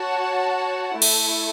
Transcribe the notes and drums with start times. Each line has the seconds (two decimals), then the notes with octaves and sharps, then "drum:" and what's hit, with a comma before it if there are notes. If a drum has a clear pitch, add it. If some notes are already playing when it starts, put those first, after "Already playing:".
Already playing: F#4 C#5 F#5 A5
1.02 A3 E4 A4, drum: cymbal